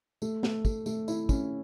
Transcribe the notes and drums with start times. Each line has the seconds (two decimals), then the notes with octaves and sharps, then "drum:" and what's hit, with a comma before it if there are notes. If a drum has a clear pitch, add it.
0.22 A3, drum: tambourine
0.43 A3, drum: snare
0.65 A3, drum: kick, tambourine
0.86 A3, drum: tambourine
1.08 E4, drum: tambourine
1.29 C#4, drum: kick, tambourine